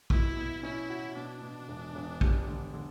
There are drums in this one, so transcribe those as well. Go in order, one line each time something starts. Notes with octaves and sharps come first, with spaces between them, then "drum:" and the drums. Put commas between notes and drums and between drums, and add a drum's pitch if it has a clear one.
B2 E4, drum: kick A#1
B2
C#4 E4
F#4
B2 D4
B2
E1
E1
G3, drum: kick A#1
D3
D3